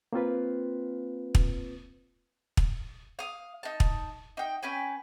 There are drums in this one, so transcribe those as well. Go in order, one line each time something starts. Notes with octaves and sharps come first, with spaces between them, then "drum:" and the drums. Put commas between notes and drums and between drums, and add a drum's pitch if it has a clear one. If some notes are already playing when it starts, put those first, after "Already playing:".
A#3 C4 F4 B4
drum: kick
drum: kick
F5 D#6
D#4 A5
drum: kick
D#4 G5
C#4 B4 G5 G#5